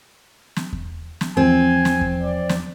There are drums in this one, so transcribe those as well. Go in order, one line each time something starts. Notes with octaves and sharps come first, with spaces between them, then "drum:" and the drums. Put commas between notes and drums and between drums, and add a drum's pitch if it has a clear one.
drum: snare
drum: kick E2
drum: snare
E2 F3 C4 G#5
drum: snare
drum: kick E2
D5
drum: snare